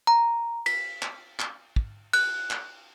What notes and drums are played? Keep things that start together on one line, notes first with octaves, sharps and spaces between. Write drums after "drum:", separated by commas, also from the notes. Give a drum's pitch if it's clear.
A#5
B6, drum: cymbal
drum: clap
drum: clap
drum: kick
F#6, drum: cymbal
drum: clap